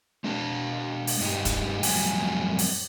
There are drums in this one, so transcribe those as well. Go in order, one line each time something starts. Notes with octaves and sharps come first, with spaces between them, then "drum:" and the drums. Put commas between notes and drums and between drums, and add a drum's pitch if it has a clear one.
G#3 D4 A5
drum: open hi-hat
G2 G#3 D#4 G4
drum: kick, hi-hat
F2 A2 F#3 G3 G5 G#5, drum: open hi-hat
drum: open hi-hat